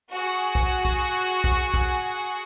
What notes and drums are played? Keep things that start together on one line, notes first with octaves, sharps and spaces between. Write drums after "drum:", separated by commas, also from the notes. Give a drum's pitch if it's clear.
F#4 G#4 F#5
drum: kick
drum: kick
drum: kick
drum: kick